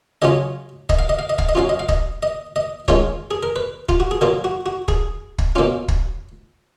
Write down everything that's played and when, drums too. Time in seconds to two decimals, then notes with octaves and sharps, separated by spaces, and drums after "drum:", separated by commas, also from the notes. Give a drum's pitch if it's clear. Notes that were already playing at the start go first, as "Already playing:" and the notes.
0.22 C#3 F#3 C#4 F4 D#5
0.89 D#5, drum: kick
0.99 F5
1.09 D#5
1.19 F5
1.29 D#5
1.38 F5, drum: kick
1.49 D#5
1.55 F#3 C#4 F4 F5
1.69 D#5
1.79 F5
1.89 D#5, drum: kick
2.23 D#5
2.56 D#5
2.88 D#3 G#3 C#4 F4 C#5, drum: kick
3.31 G#4
3.43 A#4
3.56 B4
3.89 F4, drum: kick
4.00 F#4
4.11 G#4
4.21 A#2 F#3 A#3 F4 A#4
4.44 F#4
4.66 F#4
4.88 G#4, drum: kick
5.38 drum: kick
5.55 B2 A#3 C#4 F4
5.88 drum: kick